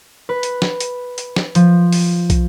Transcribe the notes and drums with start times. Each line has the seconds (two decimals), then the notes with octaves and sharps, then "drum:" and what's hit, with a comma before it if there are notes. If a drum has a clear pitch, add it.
0.29 B4
0.43 drum: hi-hat
0.62 drum: snare
0.80 drum: hi-hat
1.18 drum: hi-hat
1.36 drum: snare
1.55 F3, drum: hi-hat
1.92 drum: open hi-hat
2.30 drum: kick, hi-hat